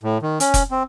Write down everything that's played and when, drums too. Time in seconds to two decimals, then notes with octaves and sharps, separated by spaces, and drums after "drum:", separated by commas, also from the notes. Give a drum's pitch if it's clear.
0.03 A2
0.22 D#3
0.40 C#4, drum: hi-hat
0.54 drum: kick F1, hi-hat
0.71 C4